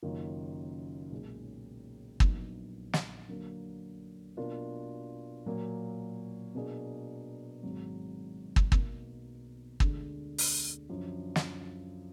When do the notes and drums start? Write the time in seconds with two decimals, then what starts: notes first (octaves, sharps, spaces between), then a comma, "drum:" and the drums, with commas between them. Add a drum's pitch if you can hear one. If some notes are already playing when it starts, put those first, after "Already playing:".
0.03 F#1 F#2 D#3 A#3 F4
1.12 B1 A#2 G#3 D#4 G#4
2.20 A#1 A#2 F#3 B3 D#4, drum: kick
2.93 drum: snare
3.29 D3 F#3 A#3
4.37 B2 A#3 D4 F4 A#4
5.46 A#2 F#3 A#3
6.55 B2 A#3 D4 G#4
7.63 G#1 G#2 F#3
8.56 drum: kick
8.72 B1 B2 A#3, drum: kick
9.80 D2 D3 G#3, drum: kick
10.38 drum: open hi-hat
10.89 F#2 D3 F3
11.36 drum: snare